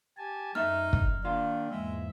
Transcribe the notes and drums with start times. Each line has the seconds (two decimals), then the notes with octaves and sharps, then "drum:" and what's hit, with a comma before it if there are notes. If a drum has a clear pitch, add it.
0.18 G4 G#5 A5
0.55 F#2 A3 D#4 E5 F6
0.93 drum: kick
1.24 A#2 D#3 D4 F4 F5
1.71 E2 G#2 G#3 E5